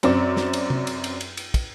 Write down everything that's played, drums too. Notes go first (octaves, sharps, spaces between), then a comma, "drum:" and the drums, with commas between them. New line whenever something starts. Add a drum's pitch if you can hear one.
F#2 C4 D5, drum: cymbal
drum: snare
drum: cymbal
drum: tom C3
drum: cymbal
drum: cymbal
drum: cymbal
drum: cymbal
drum: kick, cymbal